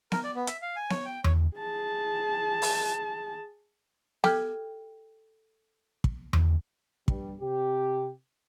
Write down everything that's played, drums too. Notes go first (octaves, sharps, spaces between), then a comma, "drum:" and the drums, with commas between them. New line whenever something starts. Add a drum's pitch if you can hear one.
A#4, drum: snare B3
D5
B3
E5, drum: hi-hat
F5
G#5
C#5, drum: snare B3
G5
C#5, drum: tom E2
G#4 A5
drum: open hi-hat
G4 A4 F6 G#6, drum: snare B3
drum: kick
drum: tom E2
G2 G3, drum: kick
C3 G4